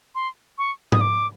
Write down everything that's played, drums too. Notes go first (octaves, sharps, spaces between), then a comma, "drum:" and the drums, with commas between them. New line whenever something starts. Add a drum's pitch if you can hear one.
C6
C#6
D#6, drum: tom G#2
D6